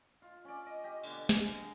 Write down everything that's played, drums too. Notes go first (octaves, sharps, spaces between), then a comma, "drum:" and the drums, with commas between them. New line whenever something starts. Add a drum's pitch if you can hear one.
F4
C#4 D5
D#5
G4 D#5
B2 D3, drum: cymbal
G#4 A#5, drum: snare